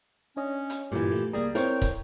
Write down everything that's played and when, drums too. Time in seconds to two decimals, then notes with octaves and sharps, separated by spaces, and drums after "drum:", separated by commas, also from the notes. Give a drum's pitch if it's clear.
0.37 C#4 D4 C#5 D#5
0.70 drum: hi-hat
0.92 G2 A#2 E3 G4
1.12 A3
1.33 C#2 G3 A#3 G#4 A#5
1.55 C4 E4 A#4 C5 C#5 G5, drum: hi-hat
1.82 drum: kick, hi-hat